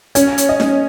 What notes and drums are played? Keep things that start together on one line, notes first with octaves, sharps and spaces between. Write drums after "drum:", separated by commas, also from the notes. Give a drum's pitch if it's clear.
C#4, drum: hi-hat
drum: hi-hat
D#5
drum: snare D#4